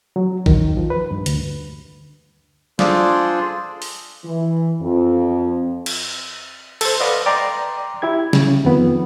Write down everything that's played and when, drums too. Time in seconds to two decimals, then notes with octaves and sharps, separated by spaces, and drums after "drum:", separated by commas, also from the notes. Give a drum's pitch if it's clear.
0.16 F#3
0.46 D#3, drum: kick A#1
0.77 F3
0.90 B4
1.11 G2
1.26 D2, drum: hi-hat
2.79 D4 F4 G#4 A4 C5 D5, drum: snare
3.82 drum: open hi-hat
4.25 E3
4.82 F2
5.86 drum: cymbal
6.81 A4 C5, drum: cymbal
7.00 B4 D5 D#5 F5 F#5
7.26 D5 G5 A#5 C6 D6
8.02 E4 G4 G#6
8.33 C#3, drum: snare
8.65 F2 D#3 B3